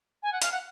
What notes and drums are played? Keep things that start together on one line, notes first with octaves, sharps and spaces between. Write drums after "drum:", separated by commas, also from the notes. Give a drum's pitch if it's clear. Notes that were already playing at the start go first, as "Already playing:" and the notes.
G#5
F#5
F5, drum: hi-hat
F#5